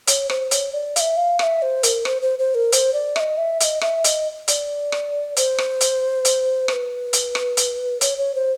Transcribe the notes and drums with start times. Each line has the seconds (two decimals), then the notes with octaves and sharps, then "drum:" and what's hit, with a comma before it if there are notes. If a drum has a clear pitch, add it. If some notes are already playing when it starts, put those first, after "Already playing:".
0.07 C#5, drum: hi-hat
0.30 C5, drum: rim click
0.51 C#5, drum: hi-hat
0.73 D5
0.96 F5, drum: hi-hat
1.00 E5
1.17 F5
1.39 F5, drum: rim click
1.43 E5
1.62 C5
1.83 A#4, drum: hi-hat
2.05 C5, drum: rim click
2.22 C5
2.39 C5
2.55 A#4
2.72 C5, drum: hi-hat
2.93 D5
3.16 E5, drum: rim click
3.20 D#5
3.37 E5
3.60 E5, drum: hi-hat
3.64 D#5
3.81 E5, drum: rim click
4.04 D#5, drum: hi-hat
4.48 D5, drum: hi-hat
4.92 drum: rim click
5.36 C5, drum: hi-hat
5.58 drum: rim click
5.81 drum: hi-hat
6.25 drum: hi-hat
6.68 C5, drum: rim click
6.73 B4
7.13 drum: hi-hat
7.35 drum: rim click
7.57 drum: hi-hat
8.01 C#5, drum: hi-hat
8.18 C#5
8.35 C5